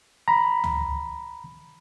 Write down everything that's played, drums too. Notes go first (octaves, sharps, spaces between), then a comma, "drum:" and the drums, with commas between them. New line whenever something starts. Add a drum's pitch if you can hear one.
A#5 B5
drum: tom C#2